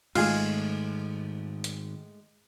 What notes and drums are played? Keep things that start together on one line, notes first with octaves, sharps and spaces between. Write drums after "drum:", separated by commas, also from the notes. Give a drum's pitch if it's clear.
G#2 D#3 G#3 A3 F4 G#4, drum: cymbal
drum: hi-hat